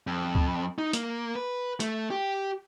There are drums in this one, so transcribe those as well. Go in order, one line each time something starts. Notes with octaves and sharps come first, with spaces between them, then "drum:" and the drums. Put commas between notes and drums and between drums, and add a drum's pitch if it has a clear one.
F2
drum: kick C#2
D#4
A#3, drum: hi-hat
B4
A3, drum: hi-hat
G4